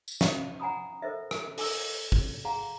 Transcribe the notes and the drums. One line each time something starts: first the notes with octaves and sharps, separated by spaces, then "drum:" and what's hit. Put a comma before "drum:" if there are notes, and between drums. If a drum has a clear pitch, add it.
drum: tambourine
F5, drum: snare
F#5 G#5 A#5 B5 D#6
A4 A#4 C5 D#5 E5
drum: rim click
A4 G#5 D6 E6, drum: open hi-hat
drum: kick
G#4 F5 F#5 G#5 A#5